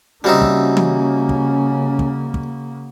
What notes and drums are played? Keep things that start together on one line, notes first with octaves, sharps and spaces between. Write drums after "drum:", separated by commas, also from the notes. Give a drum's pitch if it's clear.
C#3 G3 A#3 C4 C#4 D#4 F#4 E5
drum: kick
drum: tom
drum: kick
drum: kick
drum: kick